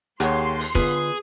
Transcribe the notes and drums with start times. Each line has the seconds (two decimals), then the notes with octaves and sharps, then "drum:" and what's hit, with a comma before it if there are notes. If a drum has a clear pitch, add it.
0.20 D#2 G4 G#4 C#5 F#5 C6, drum: hi-hat
0.60 drum: open hi-hat
0.75 D3 B3 F4 G#4 B4, drum: kick